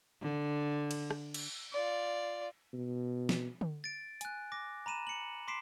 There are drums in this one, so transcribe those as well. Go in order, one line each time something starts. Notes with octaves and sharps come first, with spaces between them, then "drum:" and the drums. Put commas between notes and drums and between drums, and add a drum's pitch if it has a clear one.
D3
drum: cymbal
drum: rim click
drum: cymbal
F4 D5
B2
drum: snare
drum: tom D3
A6 D7
G#5 F#6, drum: hi-hat
D6 A#6
A#5 B5 D#7 E7
C#7 F#7
C6 D6 B6 C7 D7 E7